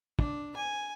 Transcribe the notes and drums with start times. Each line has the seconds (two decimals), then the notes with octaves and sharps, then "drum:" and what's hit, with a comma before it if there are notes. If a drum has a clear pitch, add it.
0.19 D4, drum: kick
0.56 G#5